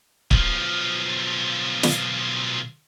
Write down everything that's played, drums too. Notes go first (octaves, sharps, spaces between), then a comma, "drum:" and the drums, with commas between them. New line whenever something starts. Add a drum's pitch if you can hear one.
B1 F3, drum: kick
drum: snare